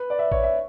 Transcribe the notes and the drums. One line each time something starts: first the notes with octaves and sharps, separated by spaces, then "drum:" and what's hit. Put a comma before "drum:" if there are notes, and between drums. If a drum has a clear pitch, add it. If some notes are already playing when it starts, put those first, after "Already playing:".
Already playing: B4
D5
E5
C#5, drum: kick A1
E5